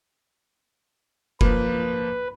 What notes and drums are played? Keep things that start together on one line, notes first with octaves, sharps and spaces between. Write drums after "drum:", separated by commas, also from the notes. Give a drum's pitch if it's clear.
F3 A#3 B4, drum: kick F1